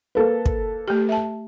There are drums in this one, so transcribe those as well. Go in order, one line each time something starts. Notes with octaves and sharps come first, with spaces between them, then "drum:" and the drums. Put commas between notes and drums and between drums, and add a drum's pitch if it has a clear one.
A#3 A4 B4
drum: kick
A3 G4
E5 A5